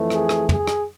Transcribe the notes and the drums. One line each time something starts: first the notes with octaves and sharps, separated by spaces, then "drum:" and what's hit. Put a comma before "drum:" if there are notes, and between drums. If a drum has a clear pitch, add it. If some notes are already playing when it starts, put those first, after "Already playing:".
Already playing: F2 E3 A3
G#4, drum: rim click
drum: rim click
G#4, drum: tom
drum: rim click